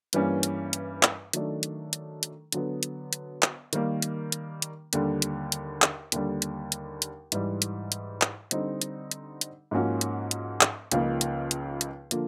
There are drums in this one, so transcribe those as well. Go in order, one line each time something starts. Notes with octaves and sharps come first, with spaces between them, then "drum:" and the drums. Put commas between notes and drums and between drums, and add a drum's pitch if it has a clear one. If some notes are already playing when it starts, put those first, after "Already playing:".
G2 E3 G3 A#3 C#4, drum: hi-hat
drum: hi-hat
drum: hi-hat
drum: clap
D#3 F#3 A3 D4, drum: hi-hat
drum: hi-hat
drum: hi-hat
drum: hi-hat
D3 F#3 B3, drum: hi-hat
drum: hi-hat
drum: hi-hat
drum: clap
D#3 G3 A#3, drum: hi-hat
drum: hi-hat
drum: hi-hat
drum: hi-hat
D#2 D3 G3, drum: hi-hat
drum: hi-hat
drum: hi-hat
drum: clap
D#2 D3 G3, drum: hi-hat
drum: hi-hat
drum: hi-hat
drum: hi-hat
G#2 E3 G3, drum: hi-hat
drum: hi-hat
drum: hi-hat
drum: clap
D3 G3 C4 D#4, drum: hi-hat
drum: hi-hat
drum: hi-hat
drum: hi-hat
G#2 F3 A#3 C#4 F#4
drum: hi-hat
drum: hi-hat
drum: clap
C#2 C#3 F3 A#3 D#4, drum: hi-hat
drum: hi-hat
drum: hi-hat
drum: hi-hat
D3 F3 A#3, drum: hi-hat